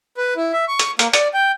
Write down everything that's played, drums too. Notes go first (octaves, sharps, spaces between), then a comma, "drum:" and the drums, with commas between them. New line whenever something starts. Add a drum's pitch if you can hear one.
B4
E4
E5
C#6
drum: hi-hat
A#3, drum: hi-hat
D5, drum: hi-hat
G5